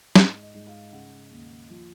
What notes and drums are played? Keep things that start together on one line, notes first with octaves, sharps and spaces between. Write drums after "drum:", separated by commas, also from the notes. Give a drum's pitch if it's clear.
G#2 D#5, drum: snare
D#5
G#2
F5
C#3 F#5
D#2
F3